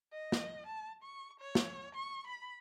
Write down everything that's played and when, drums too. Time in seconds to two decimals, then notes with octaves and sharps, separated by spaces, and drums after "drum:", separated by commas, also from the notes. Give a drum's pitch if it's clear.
0.12 D#5
0.32 drum: snare
0.67 A5
1.03 C#6
1.40 C#5
1.55 drum: snare
1.95 C#6
2.27 B5